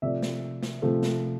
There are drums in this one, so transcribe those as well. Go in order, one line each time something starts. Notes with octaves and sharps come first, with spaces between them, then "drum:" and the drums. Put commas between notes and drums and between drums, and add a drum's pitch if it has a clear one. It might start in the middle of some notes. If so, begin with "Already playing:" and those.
C3 F3 A3 D5 E5
drum: snare
drum: snare
C3 F3 A3
drum: snare